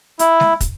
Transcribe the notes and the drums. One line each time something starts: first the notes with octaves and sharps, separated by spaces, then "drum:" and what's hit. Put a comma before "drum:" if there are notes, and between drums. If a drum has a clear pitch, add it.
E4, drum: hi-hat
drum: snare G#3
drum: kick, hi-hat